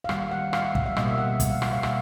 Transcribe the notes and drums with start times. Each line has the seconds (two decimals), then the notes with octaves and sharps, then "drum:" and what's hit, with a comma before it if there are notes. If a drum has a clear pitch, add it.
0.04 F5
0.09 D#3 G3 A#3 F#5, drum: rim click
0.31 F#5
0.53 F5, drum: rim click
0.64 E5
0.75 F5, drum: kick
0.86 E5
0.97 B2 G3 A#3 D#5, drum: rim click
1.08 E5
1.18 F#5
1.40 E5, drum: kick, hi-hat
1.50 F5
1.62 F#5, drum: rim click
1.73 F5
1.83 B2 G3 A#3 E5, drum: rim click